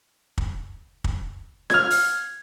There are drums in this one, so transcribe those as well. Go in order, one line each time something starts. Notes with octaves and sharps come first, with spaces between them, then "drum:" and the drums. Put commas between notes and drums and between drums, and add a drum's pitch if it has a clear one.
drum: kick
drum: kick
F6 G#6, drum: snare F4
drum: open hi-hat